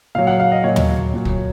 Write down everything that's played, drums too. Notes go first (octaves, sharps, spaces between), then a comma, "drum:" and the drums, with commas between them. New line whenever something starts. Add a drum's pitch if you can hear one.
A#2 F#3 F5
F#5
F5
D#5
A#2 F#3 C#5
drum: tom
A#2 F#3
drum: kick